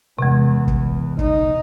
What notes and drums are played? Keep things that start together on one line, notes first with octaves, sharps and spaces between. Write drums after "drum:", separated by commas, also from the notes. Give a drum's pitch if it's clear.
E2 C3 G#3
drum: kick
D#4, drum: kick